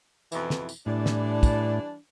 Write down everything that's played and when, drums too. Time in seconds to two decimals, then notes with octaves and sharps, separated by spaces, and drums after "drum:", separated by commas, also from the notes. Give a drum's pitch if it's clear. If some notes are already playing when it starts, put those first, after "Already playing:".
0.32 F2 B2 E3, drum: tambourine
0.50 drum: snare
0.69 drum: tambourine
0.86 A2 E3 G3 D4
1.06 drum: snare
1.43 drum: kick, tambourine